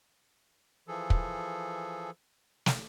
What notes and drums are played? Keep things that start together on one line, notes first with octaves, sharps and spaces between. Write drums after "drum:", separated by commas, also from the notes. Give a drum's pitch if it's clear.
E3 F3 G#4 A4
drum: kick
drum: snare